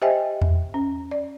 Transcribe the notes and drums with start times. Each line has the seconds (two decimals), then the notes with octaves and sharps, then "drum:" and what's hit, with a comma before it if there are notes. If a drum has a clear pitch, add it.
0.02 G4 C5 D#5 E5 G5 G#5
0.42 drum: tom E2
0.74 C#4
1.11 D5